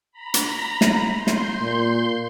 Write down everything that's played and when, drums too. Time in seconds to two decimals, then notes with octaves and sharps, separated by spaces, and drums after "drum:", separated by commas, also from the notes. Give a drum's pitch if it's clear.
0.12 A#5 B5
0.34 drum: hi-hat
0.81 drum: snare
1.14 C6 G6
1.27 drum: snare
1.62 A#2